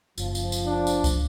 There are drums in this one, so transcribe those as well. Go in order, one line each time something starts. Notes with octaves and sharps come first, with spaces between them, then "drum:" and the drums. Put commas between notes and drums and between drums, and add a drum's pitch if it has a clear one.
F#1 F3, drum: tambourine
drum: tambourine
drum: tambourine
D4
drum: tambourine
drum: kick C#2, tambourine